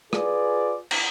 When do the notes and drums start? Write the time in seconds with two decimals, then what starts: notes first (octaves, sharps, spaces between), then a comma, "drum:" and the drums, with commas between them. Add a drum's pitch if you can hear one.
0.13 F4 G#4 B4 D5, drum: rim click
0.91 drum: cymbal